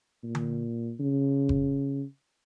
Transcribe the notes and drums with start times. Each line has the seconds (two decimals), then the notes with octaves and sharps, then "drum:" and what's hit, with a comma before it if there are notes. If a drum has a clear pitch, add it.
0.24 A#2
0.35 drum: tom D3
1.00 C#3
1.49 drum: kick F#1